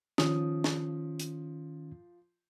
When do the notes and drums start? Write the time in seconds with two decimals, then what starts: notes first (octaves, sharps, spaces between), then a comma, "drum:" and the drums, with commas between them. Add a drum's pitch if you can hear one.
0.18 D#3 F3 C#4 D#6, drum: snare
0.64 drum: snare
1.19 drum: hi-hat